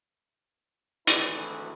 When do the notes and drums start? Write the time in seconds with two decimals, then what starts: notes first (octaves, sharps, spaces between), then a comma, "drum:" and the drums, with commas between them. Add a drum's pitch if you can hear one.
1.07 G#1 D2 E3 E4 A4 B4, drum: hi-hat